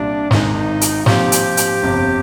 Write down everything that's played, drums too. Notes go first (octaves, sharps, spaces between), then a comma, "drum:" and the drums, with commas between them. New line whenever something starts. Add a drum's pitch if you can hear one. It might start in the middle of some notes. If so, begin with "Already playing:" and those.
Already playing: C2 A#2 G3 A#3 D4
G#1 G#2 D#3 G#3 D#4, drum: snare
drum: hi-hat
A#2 F3 C4 F4 G4, drum: snare
drum: hi-hat
drum: hi-hat
G1 F2 C3